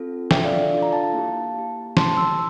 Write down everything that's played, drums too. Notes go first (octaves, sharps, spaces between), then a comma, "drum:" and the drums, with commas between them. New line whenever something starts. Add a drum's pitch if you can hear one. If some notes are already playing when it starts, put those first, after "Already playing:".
Already playing: C4 F4 A4
D4 F4 A4 E5 G5, drum: snare
D5 F5
D5 F5
D4 F4 A4
A#5
F5 A5
A#3 E4 G4
A#3 E4 G4
A3 E4 G4 A5 C6, drum: snare
C6 E6